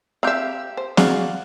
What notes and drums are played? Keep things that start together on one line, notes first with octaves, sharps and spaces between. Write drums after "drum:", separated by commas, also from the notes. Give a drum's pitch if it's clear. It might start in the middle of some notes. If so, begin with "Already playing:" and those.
C4 G4 E5 F5
C5
F#4 G#4 D5 F5, drum: snare